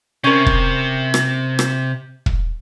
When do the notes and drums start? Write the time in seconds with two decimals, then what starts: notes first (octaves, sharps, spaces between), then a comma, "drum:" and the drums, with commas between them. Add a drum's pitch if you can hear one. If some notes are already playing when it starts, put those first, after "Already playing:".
0.24 C3 C#4 A#4
0.46 drum: kick
1.14 drum: rim click
1.59 drum: rim click
2.26 drum: kick